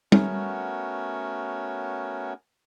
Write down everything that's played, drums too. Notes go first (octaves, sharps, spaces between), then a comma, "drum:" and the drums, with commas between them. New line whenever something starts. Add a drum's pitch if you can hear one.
A3 B3 C#4 F#4 A#4 C#5, drum: tom G3